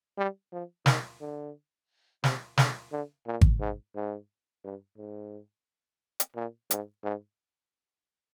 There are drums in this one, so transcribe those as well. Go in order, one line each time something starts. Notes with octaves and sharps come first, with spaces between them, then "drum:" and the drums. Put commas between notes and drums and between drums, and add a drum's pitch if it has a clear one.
G3
F3
D#3, drum: snare
D3
C3, drum: snare
D3, drum: snare
D3
A#2
drum: kick G#1
G#2
G#2
G2
G#2
drum: hi-hat
A#2
G#2, drum: hi-hat
G#2